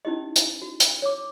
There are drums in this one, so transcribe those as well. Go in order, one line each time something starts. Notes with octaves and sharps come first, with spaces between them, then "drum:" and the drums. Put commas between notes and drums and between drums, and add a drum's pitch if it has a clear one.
C#4 D#4 E4 G4 D#5
drum: hi-hat
F#4
drum: hi-hat
C#5 D6